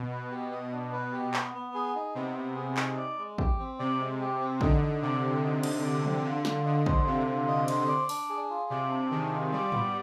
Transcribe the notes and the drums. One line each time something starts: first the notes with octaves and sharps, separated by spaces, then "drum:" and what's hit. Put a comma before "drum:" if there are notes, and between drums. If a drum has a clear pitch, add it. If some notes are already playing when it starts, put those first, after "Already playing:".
Already playing: B2
B4
G4
D#5
D4
B4
G4
B3, drum: clap
B3
G#4
D#4
C3 B3
B3
G#4
D#4, drum: clap
D5
G#3
G4, drum: kick
C4
C3 D5
G#3
G4
C4
D3 D#4, drum: kick
D#4
C3 D5
G4
D#4
D#4, drum: cymbal
D5
G4, drum: tom E3
D3 F4
F4, drum: snare
D3 D#5
C5, drum: kick
C3 F4
F4
D#5
C5, drum: cymbal
D5
D4, drum: open hi-hat
G#4
F4
C3 D5
D4
D#3 G#4
F4
G3 D5
B3, drum: tom G#2